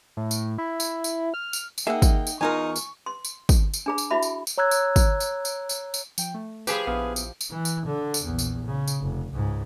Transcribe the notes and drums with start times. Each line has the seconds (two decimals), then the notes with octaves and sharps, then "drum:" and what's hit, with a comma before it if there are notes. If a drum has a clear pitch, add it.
0.17 A2
0.31 drum: tambourine
0.58 E4
0.80 drum: tambourine
1.04 drum: tambourine
1.34 F6
1.53 drum: tambourine
1.78 drum: tambourine
1.87 A#3 D#4 G#4 E5 F#5 G5
2.02 drum: kick, tambourine
2.27 drum: tambourine
2.41 E2 D#4 F4 A#4 G#5 C#6
2.76 drum: tambourine
3.06 C6
3.25 drum: tambourine
3.49 drum: kick, tambourine
3.74 drum: tambourine
3.86 D4 G#4 A#5
3.98 drum: tambourine
4.11 E4 F#4 E5 B5
4.22 drum: tambourine
4.47 drum: tambourine
4.58 C#5 A#5 E6 F#6 G#6
4.71 drum: tambourine
4.96 drum: kick, tambourine
5.20 drum: tambourine
5.45 drum: tambourine
5.69 drum: tambourine
5.94 drum: tambourine
6.18 F3 G5, drum: tambourine
6.34 A3
6.67 F3 G4 G#4 B4, drum: tambourine
6.87 A#1 B3 E4 F5 D#6
7.16 drum: tambourine
7.41 drum: tambourine
7.50 E3
7.65 drum: tambourine
7.86 D3
8.14 drum: tambourine
8.24 A#1 E2
8.39 drum: tambourine
8.66 C#3
8.88 drum: tambourine
9.00 F1
9.32 C#2 G#2